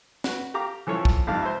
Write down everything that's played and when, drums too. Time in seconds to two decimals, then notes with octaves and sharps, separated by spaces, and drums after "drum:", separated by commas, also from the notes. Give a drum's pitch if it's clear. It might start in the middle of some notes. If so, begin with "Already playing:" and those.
0.24 F#4 B4, drum: snare
0.54 G4 F5 A#5 D6
0.87 E3 F3 A4 C#5
1.05 drum: kick
1.27 F2 G#2 C3 F5 A5
1.43 C5 E5